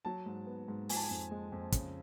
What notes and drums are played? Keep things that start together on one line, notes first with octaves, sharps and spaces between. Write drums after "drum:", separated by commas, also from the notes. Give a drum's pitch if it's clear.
F#3 A5
G#2
B3
G#2
F3 G#5, drum: open hi-hat
A5
G#5
F2
G#3
F2
C#3, drum: kick, hi-hat